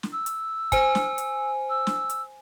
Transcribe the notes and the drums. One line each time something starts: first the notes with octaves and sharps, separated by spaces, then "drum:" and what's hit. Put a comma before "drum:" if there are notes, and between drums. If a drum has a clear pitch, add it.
drum: snare
E6
drum: hi-hat
C5 G#5, drum: kick, hi-hat
drum: snare
drum: hi-hat
E6
drum: snare
drum: hi-hat